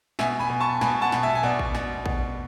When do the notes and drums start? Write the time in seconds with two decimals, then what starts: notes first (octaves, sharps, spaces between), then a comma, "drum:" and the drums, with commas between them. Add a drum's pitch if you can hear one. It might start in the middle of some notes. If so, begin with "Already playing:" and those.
0.19 B2 E5 G#5, drum: snare
0.39 G#5 B5
0.50 B2
0.60 A5 C#6
0.81 B2 G#5 B5, drum: snare
1.02 F#5 A5
1.12 B2, drum: snare
1.23 E5 G#5
1.35 G#5
1.43 B2 D5 F#5
1.59 drum: kick A1
1.75 B2, drum: snare
2.06 B2, drum: kick A1